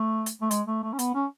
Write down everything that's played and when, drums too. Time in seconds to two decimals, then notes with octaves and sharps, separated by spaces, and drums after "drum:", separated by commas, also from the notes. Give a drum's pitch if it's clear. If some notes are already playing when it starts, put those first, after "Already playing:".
Already playing: A3
0.26 drum: hi-hat
0.41 A3
0.51 G#3, drum: hi-hat
0.67 A3
0.83 A3
0.93 C#4
0.99 B3, drum: hi-hat
1.15 C#4